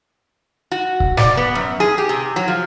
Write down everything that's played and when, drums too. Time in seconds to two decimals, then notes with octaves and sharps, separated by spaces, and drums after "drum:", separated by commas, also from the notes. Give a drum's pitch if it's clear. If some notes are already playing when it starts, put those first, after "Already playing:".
0.72 F#4
1.00 drum: kick C#1
1.17 D5, drum: snare
1.37 B3
1.55 F#2
1.80 G#4
1.98 G4
2.09 C3
2.36 F#3
2.48 F3